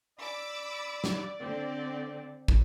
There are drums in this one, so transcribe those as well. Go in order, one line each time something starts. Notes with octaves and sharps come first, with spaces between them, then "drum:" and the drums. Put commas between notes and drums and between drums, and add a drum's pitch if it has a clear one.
D5 B5 D6 E6
drum: snare
D3 C4
drum: kick